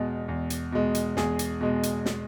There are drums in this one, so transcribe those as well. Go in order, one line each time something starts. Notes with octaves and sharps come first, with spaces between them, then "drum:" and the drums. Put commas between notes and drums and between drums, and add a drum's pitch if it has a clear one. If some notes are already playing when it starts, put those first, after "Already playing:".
Already playing: E2 B2 G#3
E2
drum: hi-hat
B2 G#3
drum: hi-hat
E2 G#4, drum: snare
drum: hi-hat
B2 G#3
drum: hi-hat
drum: snare